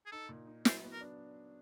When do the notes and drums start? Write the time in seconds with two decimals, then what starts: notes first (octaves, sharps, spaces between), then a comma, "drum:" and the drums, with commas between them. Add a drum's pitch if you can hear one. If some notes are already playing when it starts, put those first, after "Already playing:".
0.06 G#4
0.11 D#4 A4
0.29 A#2
0.47 D#4
0.65 F#3 C5, drum: snare
0.84 B3
0.92 A#4
1.01 D4